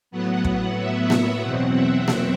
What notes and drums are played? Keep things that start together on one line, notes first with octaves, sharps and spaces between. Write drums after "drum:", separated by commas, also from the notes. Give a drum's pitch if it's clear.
A2 F#3 B3 F#5
F#5, drum: kick
E5
F#5, drum: snare A#3
E2 B2 F#3 C4 F#5
E5
drum: snare A#3